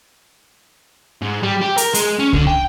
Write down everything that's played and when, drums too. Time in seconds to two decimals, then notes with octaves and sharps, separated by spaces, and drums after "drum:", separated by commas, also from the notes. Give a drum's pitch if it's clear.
1.22 G#2
1.43 G3
1.61 G4
1.78 A#4, drum: hi-hat
1.94 G#3, drum: hi-hat
2.19 C#4
2.33 D3, drum: kick C2
2.47 G5